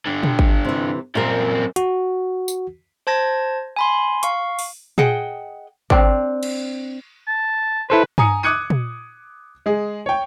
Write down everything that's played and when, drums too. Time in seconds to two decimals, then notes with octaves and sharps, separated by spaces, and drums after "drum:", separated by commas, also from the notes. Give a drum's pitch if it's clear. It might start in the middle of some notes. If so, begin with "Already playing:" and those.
0.06 G2 D3
0.23 drum: tom A#2
0.39 drum: kick G#1
0.65 C3 E3
1.15 F#2 A#2 G3 C4 A#4
1.76 F#4, drum: hi-hat
2.48 drum: tambourine
3.07 C5 A5 G#6 A#6
3.76 G#5 B5 C6
4.23 F5 C#6, drum: hi-hat
4.59 drum: open hi-hat
4.98 G#4 D#5 F#5 G5, drum: tom A#2
5.90 C4 D4, drum: kick G#1
6.43 drum: cymbal
7.27 A5
7.90 E4 A4 B4 C5
8.18 G#5 A#5 D#6 C#7, drum: tom G2
8.43 D6 D#6 F#6 G#6 C#7 D#7
8.70 drum: tom A#2
9.66 G#3 G#4
10.06 C#5 G5